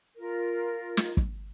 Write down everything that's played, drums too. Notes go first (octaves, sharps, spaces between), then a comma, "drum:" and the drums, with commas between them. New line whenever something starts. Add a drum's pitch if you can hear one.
F4 A#4
drum: snare
drum: kick